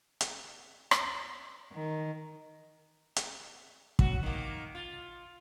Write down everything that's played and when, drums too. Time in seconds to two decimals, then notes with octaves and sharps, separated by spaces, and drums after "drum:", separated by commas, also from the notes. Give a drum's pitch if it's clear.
0.21 drum: hi-hat
0.91 drum: rim click
1.72 D#3
3.16 drum: hi-hat
3.99 F#3 F#4, drum: kick
4.23 D#3 A#3
4.75 F4